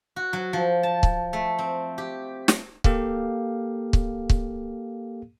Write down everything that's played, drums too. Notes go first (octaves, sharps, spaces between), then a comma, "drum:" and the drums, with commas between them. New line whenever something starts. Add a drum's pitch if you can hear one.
F#4
F#3
F3
A5
drum: kick C#1
A3
C4
G4
drum: snare
A#3 G4 A4 F5, drum: kick C#1
drum: kick C#1
drum: kick C#1